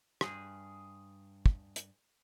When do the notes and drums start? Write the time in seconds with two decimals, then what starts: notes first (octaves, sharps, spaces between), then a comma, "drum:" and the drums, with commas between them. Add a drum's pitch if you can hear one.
0.21 G2 G#4, drum: rim click
1.46 drum: kick
1.76 drum: hi-hat